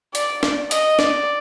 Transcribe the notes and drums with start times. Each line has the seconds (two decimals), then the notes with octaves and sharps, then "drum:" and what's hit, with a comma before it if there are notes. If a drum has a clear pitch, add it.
0.15 D5, drum: hi-hat
0.43 drum: snare
0.71 D#5, drum: hi-hat
0.99 D5, drum: snare